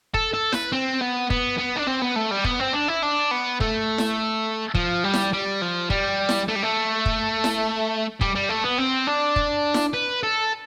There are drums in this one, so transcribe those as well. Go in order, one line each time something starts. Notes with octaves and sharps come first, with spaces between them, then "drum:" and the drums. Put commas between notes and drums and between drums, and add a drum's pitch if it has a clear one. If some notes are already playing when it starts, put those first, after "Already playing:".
A4, drum: kick
A4
B4, drum: snare E4
C4
B3
B3, drum: kick
B3
D4
C4
B3
A3
G3
B3, drum: kick
C4
D4
E4
D4
B3
A3, drum: kick
drum: snare E4
F3, drum: kick
G3
drum: snare E4
G3
F3
G3, drum: kick
drum: snare E4
A3
G3
A3
drum: kick
drum: snare E4
G3, drum: kick
G3
A3
B3
C4
D4
drum: kick
drum: snare E4
B4
A4